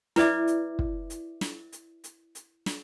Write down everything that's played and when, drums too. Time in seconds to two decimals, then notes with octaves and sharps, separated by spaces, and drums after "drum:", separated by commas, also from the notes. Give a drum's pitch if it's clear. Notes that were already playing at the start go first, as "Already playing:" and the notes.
0.16 E4 B4 D5 E5 D6, drum: snare
0.47 drum: hi-hat
0.79 drum: kick
1.10 drum: hi-hat
1.41 drum: snare
1.72 drum: hi-hat
2.04 drum: hi-hat
2.35 drum: hi-hat
2.66 drum: snare